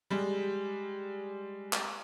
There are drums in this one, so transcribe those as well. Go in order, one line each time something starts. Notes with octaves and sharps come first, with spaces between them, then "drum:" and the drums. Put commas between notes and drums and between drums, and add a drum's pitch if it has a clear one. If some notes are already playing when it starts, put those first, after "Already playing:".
G3 G#3
drum: clap